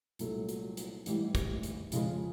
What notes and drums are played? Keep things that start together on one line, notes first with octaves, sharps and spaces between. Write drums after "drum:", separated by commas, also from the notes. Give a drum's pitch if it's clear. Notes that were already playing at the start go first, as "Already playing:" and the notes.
C2 A#2 F#3 A3, drum: hi-hat
drum: hi-hat
drum: hi-hat
A1 G#2 E3 G3, drum: hi-hat
drum: kick, hi-hat
drum: hi-hat
F2 C#3 F3 G#3, drum: hi-hat